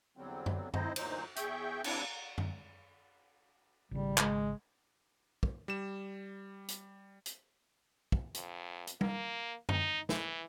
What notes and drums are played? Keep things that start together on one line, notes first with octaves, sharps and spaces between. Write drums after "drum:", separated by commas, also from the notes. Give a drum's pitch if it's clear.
E2 D3 F#3 G3 C4
drum: tom F#2
C4 D#4 E4 C5 D#5, drum: tom F#2
D2 A#2 E3 F#3 D#4 C5, drum: cymbal
E2 G#4 E5 G5 C#6 G6, drum: hi-hat
D2 C3 C4 D4 E4, drum: cymbal
drum: tom F#2
G#1 C#3 G3
G#3, drum: clap
drum: kick
G3 E7
drum: hi-hat
drum: hi-hat
drum: kick
F2, drum: hi-hat
drum: hi-hat
A#3, drum: tom G3
D#4, drum: tom F#2
E3, drum: snare